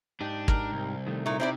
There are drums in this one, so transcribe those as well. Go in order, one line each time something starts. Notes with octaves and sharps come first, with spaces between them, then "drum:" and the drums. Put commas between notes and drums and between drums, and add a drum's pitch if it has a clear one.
G#2 D4 D#4 G4
A#4, drum: kick
C2
D#3 G3 A3
A#2 A3 D#4 A#5
C3 C4 E4 D5